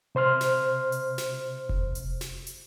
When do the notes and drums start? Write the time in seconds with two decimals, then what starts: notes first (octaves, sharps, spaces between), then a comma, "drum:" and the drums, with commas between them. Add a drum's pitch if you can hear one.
0.15 C3 C5 C6 F6
0.41 drum: snare
0.92 drum: hi-hat
1.18 drum: snare
1.69 drum: kick F1
1.95 drum: hi-hat
2.21 drum: snare
2.47 drum: hi-hat